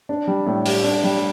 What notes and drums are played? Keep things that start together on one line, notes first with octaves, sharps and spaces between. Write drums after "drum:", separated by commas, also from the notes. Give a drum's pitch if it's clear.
D4
G3
A2
G4, drum: open hi-hat
D4
G3